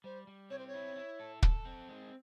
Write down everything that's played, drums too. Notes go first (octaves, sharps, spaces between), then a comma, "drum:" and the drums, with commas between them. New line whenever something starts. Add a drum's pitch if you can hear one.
G3 C5
G3
C4 C#5
C5
C#5
E4
E4
A4
A4, drum: kick
C4
G#3